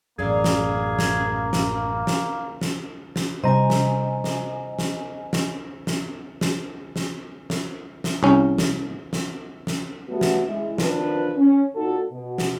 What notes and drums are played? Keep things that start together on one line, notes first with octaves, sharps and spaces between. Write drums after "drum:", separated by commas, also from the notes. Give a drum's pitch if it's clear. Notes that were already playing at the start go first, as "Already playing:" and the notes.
A1 F#2 A#3 G#4 A4 D5 F5
drum: snare
drum: snare
drum: snare
drum: snare
drum: snare
drum: snare
C3 G3 B3 C5 D#5 G#5 A#5
drum: snare
drum: snare
drum: snare
drum: snare
drum: snare
drum: snare
drum: snare
drum: snare
drum: snare
C2 C#4
drum: snare
drum: snare
drum: snare
F#3 G3 A3 B3 F#4
drum: snare
G#3 E4
D#3 F3 D4 F4 B4, drum: snare
C#4
A#2 D#4 F#4 A4
B2
drum: snare